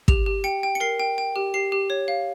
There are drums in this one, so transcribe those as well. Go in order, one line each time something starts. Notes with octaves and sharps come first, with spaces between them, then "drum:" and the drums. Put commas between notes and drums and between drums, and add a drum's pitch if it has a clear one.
G4 F7, drum: kick
G4
G5 C#7
G5
C#7
A#4 C7
G5
G5
G4
G4 C7
G4
C#5
F5